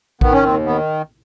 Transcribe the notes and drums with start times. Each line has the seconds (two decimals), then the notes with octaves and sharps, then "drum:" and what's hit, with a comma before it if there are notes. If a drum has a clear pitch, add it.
0.21 D#3 B3, drum: kick A#1
0.33 C#4
0.43 D#2 C4
0.66 D#3 B3